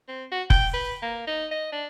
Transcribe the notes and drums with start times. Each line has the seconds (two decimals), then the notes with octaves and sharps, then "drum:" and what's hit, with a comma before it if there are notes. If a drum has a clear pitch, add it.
0.08 C4
0.32 F#4
0.50 G5, drum: kick F1
0.74 B4
1.02 A#3
1.27 D#4
1.51 D#5
1.72 D4